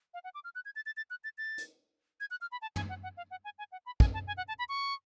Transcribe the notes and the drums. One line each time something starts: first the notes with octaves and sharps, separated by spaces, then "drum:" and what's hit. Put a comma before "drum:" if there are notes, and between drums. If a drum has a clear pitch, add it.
F5
F#5
D6
F6
F#6
G#6
A6
A6
A6
F#6
A6
A6
drum: hi-hat
G#6
F#6
F6
B5
A5
G#5, drum: tom
F#5
F#5
F5
F#5
G#5
G#5
F#5
B5
G#5, drum: kick
A5
G#5
F#5
A5
B5
C#6